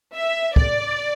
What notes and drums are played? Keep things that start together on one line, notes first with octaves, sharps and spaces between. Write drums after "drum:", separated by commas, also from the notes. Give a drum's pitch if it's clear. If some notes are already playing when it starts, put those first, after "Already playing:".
E5
D5, drum: kick